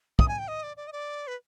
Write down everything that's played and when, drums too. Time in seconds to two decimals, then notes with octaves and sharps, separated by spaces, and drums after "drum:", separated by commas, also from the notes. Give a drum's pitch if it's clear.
0.19 D#6, drum: kick
0.28 G#5
0.38 G5
0.48 D#5
0.63 D5
0.77 D5
0.87 D#5
0.92 D5
1.27 B4